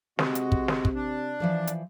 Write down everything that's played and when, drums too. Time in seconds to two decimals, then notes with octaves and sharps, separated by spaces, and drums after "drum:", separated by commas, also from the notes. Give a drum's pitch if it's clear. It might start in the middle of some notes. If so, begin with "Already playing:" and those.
0.19 C3 G#3 F#4, drum: snare
0.35 drum: hi-hat
0.52 drum: kick
0.68 drum: snare
0.85 drum: kick
0.95 D4
1.40 E3 F3 D5
1.67 drum: hi-hat